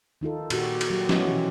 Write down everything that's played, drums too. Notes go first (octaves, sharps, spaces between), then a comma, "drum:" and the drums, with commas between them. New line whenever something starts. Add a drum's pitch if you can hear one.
D#3 D#4 F4 A4
A#2 F#4 G4, drum: cymbal
drum: cymbal
F#3 G4
B3 C#4 E4 F#4 D#5, drum: snare
B2 E3 F3 G4